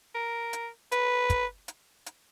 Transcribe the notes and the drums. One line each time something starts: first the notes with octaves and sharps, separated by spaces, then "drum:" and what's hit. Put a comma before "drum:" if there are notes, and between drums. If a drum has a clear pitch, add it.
A#4
drum: hi-hat
B4, drum: hi-hat
drum: kick, hi-hat
drum: hi-hat
drum: hi-hat